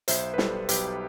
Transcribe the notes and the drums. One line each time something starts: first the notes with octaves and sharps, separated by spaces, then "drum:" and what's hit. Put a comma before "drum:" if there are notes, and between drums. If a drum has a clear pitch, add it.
B1 C5 E5, drum: hi-hat
B4
G3 A4 C5, drum: snare
B1 G4 B4, drum: hi-hat